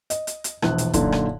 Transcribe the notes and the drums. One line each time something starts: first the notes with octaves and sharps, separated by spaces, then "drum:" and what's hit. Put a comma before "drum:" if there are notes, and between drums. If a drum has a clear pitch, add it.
D#5, drum: hi-hat
drum: hi-hat
drum: hi-hat
E1 A#1 F#6, drum: rim click
drum: hi-hat
F#2 A#2 D3 D4 D#4, drum: kick, hi-hat
drum: rim click